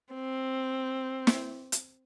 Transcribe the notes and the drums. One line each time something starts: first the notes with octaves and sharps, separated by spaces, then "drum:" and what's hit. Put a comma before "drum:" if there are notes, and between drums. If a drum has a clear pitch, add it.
C4
drum: snare
drum: hi-hat